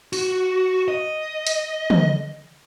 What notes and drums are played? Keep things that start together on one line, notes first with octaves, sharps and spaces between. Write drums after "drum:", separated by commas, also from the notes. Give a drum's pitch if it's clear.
F#4, drum: open hi-hat
D#5
drum: hi-hat
drum: tom